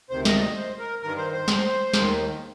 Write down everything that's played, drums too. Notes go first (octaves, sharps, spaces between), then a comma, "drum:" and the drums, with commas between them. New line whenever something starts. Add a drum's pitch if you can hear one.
D2 C3 D#3 C5
D#5, drum: snare
D5
D#5
C5
A#4
G2 D#3 A#4
C5
C5
drum: snare
D#2 D#3, drum: snare